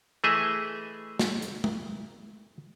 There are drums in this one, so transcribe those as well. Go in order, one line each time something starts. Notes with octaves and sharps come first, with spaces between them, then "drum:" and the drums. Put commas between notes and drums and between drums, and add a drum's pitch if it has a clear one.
E3 A3 G#4 D#5 E5
drum: snare
drum: hi-hat
drum: tom G#3